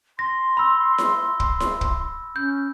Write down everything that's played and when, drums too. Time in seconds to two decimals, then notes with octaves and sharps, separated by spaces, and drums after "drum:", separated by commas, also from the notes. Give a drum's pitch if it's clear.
0.19 C6 A#6
0.57 B5 E6
0.98 drum: snare E4
1.40 drum: kick
1.60 drum: snare E4
1.81 drum: kick
2.36 C#4 G6